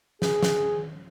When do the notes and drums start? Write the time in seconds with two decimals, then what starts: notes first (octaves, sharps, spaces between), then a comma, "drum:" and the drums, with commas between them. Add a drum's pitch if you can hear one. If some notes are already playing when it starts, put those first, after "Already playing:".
0.22 G#4, drum: snare
0.43 drum: snare